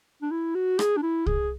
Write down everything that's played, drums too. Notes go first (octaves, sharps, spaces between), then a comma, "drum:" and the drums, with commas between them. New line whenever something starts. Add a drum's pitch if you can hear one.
D4
E4
F#4
G#4, drum: rim click
D4
E4
G#4, drum: kick C2